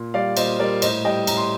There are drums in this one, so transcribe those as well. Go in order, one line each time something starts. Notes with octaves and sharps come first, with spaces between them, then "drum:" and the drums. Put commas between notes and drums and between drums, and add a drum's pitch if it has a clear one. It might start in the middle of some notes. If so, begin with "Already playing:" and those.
Already playing: A#2
G3 D5 F5
A#2 C5 D#5, drum: cymbal
G3 A#4 D5
A2 C5 D#5, drum: cymbal
G3 D#5 G5
A2 A#5, drum: cymbal
C6